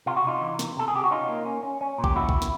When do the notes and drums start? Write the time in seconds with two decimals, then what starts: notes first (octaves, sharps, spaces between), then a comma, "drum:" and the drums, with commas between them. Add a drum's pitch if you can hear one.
0.06 C3 F4
0.17 F#4
0.24 C3 D#4 F4
0.41 E3
0.59 C3, drum: snare
0.77 C3 A4
0.88 G#4
0.94 C3 G4
1.04 F#4
1.11 C#4 D#4 F4
1.28 A#3
1.45 C#4
1.63 C#4
1.81 C#4
1.98 A#2
2.04 G4, drum: kick A#1
2.15 D#2 E4 F#4
2.29 drum: kick A#1
2.42 drum: snare